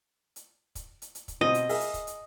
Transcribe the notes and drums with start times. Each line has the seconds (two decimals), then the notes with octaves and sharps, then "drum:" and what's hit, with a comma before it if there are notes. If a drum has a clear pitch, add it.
0.36 drum: hi-hat
0.75 drum: kick, hi-hat
1.02 drum: hi-hat
1.15 drum: hi-hat
1.28 drum: kick, hi-hat
1.41 B2 C4 D#5
1.54 drum: hi-hat
1.69 G#4 A#4 E5, drum: open hi-hat
1.81 drum: hi-hat
1.94 drum: kick, hi-hat
2.07 drum: hi-hat